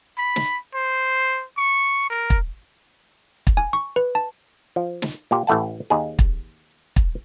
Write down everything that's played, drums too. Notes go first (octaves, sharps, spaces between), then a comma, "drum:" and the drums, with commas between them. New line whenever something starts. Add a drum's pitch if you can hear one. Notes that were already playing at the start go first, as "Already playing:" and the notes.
B5
drum: snare
C5
C#6
A#4
drum: kick
drum: kick
G#5
C#6
B4
A5
F3
drum: snare
A#2 A#3 G4
A1 A2 A3 F#5 A5
D#2 D#4 G#4
drum: kick
drum: kick